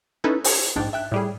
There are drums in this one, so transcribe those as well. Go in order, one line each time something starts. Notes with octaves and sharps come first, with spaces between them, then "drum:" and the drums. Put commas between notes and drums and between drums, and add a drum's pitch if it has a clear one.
C#4 D#4 E4 A4 B4
C5 G#6, drum: open hi-hat
A#1 G#2 D4 G5 A6
E5 G5 F#6
A2 G3 G#4